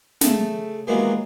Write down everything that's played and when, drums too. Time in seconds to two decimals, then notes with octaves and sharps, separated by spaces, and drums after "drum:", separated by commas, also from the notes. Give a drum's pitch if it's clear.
0.21 C#3 A3 A4, drum: snare
0.87 D#2 E3 F#3 G#3 A#3 B3